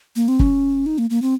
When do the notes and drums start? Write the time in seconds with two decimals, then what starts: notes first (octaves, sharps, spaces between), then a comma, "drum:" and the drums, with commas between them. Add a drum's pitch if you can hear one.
0.16 A#3
0.28 C4
0.39 C#4, drum: kick
0.86 D#4
0.98 A#3
1.10 A#3
1.22 C4